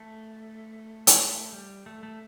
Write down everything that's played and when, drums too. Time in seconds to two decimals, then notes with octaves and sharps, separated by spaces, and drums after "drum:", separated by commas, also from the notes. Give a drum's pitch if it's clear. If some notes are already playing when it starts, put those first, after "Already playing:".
Already playing: A3
1.07 A#3, drum: hi-hat
1.19 A3
1.52 G3
1.86 A3
2.03 A3